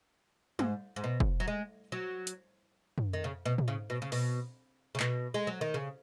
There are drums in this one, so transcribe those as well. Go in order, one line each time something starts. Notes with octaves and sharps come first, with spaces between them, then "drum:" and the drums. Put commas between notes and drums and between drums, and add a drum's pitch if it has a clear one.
G#2, drum: tom
G#2
B2
drum: kick
F#3
G#3
F#3
drum: hi-hat
drum: tom
D#3
C#3
B2
drum: tom
C#3
B2
C#3
B2, drum: open hi-hat
C#3
B2, drum: clap
G#3
F#3
D#3
C#3